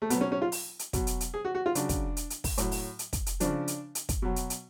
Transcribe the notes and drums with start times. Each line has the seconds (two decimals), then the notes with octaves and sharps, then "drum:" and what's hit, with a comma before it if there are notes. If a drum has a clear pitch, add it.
0.02 A3
0.10 B2 F#3 B3, drum: hi-hat
0.21 C#4
0.32 C#4
0.42 F4
0.52 drum: open hi-hat
0.79 drum: hi-hat
0.93 B2 F#3, drum: kick, hi-hat
1.07 drum: hi-hat
1.21 drum: hi-hat
1.34 G#4
1.45 F#4
1.55 F#4
1.66 F4
1.75 C#3 F#3 D4, drum: hi-hat
1.89 drum: kick, hi-hat
2.17 drum: hi-hat
2.30 drum: hi-hat
2.44 drum: kick, open hi-hat
2.58 A2 F#3, drum: hi-hat
2.71 drum: open hi-hat
2.99 drum: hi-hat
3.13 drum: kick, hi-hat
3.26 drum: hi-hat
3.40 C#3 F3 D4, drum: hi-hat
3.68 drum: hi-hat
3.95 drum: hi-hat
4.09 drum: kick, hi-hat
4.22 B2 F#3
4.36 drum: hi-hat
4.50 drum: hi-hat